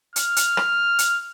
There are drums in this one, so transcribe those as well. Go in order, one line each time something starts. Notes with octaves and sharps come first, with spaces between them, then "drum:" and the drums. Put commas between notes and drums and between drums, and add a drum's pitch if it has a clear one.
F6, drum: hi-hat
drum: hi-hat
drum: rim click
drum: hi-hat